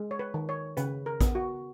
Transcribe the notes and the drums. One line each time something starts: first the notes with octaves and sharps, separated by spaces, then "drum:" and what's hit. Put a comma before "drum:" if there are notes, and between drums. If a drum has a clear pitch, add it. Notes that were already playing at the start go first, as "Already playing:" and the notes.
Already playing: G#3
C#5
B4
D#3
C#5
C#3 B4, drum: hi-hat
A#4
B3, drum: kick A1, hi-hat
F#4